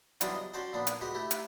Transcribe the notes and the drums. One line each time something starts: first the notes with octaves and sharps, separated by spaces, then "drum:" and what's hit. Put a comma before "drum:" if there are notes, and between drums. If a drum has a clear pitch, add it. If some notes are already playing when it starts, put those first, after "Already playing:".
E3 F#3 G3 B3 D4 F4, drum: hi-hat
D#5
C#4 F#4 C5 D5 G5 A5
A#2 F3 B3 D4
drum: hi-hat
G#3 F#4 G4 B4
A3 E4 G4
drum: hi-hat